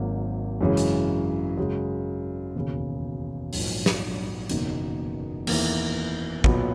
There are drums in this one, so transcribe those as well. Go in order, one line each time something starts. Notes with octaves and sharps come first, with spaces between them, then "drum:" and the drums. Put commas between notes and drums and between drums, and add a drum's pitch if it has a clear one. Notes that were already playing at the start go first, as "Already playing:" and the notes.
Already playing: G#1 G#2 F#3 A#3
F#2 C#3 E3 G#3 C#4
drum: hi-hat
F#2 C#3 G#3
E1 D#2 C#3
A#1 G#2 F#3, drum: open hi-hat
drum: snare
F#1 E2 B2 A#3 D#4, drum: hi-hat
E2 D#3 A#3 E4, drum: cymbal
B1 A#2 F#3 B3, drum: kick